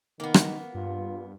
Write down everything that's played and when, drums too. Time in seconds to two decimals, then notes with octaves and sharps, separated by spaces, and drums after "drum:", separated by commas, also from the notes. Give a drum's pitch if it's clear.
0.20 D#3 A#3 B3
0.34 drum: rim click
0.75 G2 F4